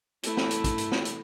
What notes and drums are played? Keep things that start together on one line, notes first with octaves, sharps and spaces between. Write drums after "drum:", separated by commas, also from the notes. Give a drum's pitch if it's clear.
A3 E4, drum: hi-hat
drum: snare
drum: hi-hat
drum: kick, hi-hat
drum: hi-hat
drum: snare
drum: hi-hat